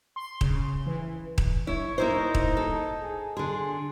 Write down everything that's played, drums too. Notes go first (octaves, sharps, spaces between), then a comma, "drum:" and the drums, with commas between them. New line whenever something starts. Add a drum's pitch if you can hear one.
C6
C#3, drum: kick D#1
E3
drum: kick D#1
E4 C#5
A#3 D#4 E4 C5
drum: kick D#1
A4
G#4
D3 G#4 C6